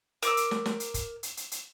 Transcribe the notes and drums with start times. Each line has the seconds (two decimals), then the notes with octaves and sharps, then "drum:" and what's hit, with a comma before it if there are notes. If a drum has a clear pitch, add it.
0.23 A#4 D6 E6, drum: hi-hat
0.37 drum: hi-hat
0.51 drum: snare
0.66 drum: snare
0.80 drum: hi-hat
0.94 drum: kick, hi-hat
1.23 drum: hi-hat
1.37 drum: hi-hat
1.51 drum: hi-hat